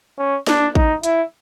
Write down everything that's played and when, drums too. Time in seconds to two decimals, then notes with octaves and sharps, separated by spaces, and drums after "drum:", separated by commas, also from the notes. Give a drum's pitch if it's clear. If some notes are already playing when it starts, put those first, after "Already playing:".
0.18 C#4
0.47 D4, drum: snare
0.75 D#4, drum: kick
1.03 E4, drum: hi-hat